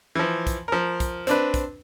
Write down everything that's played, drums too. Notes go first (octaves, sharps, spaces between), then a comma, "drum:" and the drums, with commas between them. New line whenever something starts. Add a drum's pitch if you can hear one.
E3 F3
drum: kick, hi-hat
F3 A#4
drum: kick, hi-hat
C4 D4 B4, drum: hi-hat
drum: kick, hi-hat